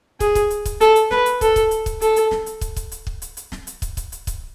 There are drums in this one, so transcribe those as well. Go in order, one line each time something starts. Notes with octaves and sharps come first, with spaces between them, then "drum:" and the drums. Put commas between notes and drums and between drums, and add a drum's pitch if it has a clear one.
G#4, drum: kick, hi-hat
drum: kick, hi-hat
drum: hi-hat
drum: kick, hi-hat
A4, drum: hi-hat
drum: hi-hat
B4, drum: snare
drum: hi-hat
A4, drum: kick, hi-hat
drum: kick, hi-hat
drum: hi-hat
drum: kick, hi-hat
A4, drum: hi-hat
drum: hi-hat
drum: snare
drum: hi-hat
drum: kick, hi-hat
drum: kick, hi-hat
drum: hi-hat
drum: kick
drum: hi-hat
drum: hi-hat
drum: snare
drum: hi-hat
drum: kick, hi-hat
drum: kick, hi-hat
drum: hi-hat
drum: kick, hi-hat